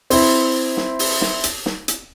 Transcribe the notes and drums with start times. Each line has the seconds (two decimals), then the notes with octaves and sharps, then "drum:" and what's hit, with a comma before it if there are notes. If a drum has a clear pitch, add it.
0.10 C4 E4, drum: open hi-hat
0.77 drum: snare
0.99 drum: open hi-hat
1.21 drum: snare
1.44 drum: hi-hat
1.66 drum: snare
1.88 drum: hi-hat